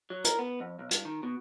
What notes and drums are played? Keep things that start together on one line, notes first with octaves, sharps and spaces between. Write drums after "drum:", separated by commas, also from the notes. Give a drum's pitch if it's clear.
F#3
A#4, drum: hi-hat
B3
F2
B1
G2, drum: hi-hat
D#3
B2